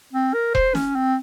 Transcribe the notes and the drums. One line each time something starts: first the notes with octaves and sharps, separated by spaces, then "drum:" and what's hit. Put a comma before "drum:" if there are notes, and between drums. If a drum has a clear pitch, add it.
C4
A#4
C5, drum: kick E1
C#4, drum: snare
C4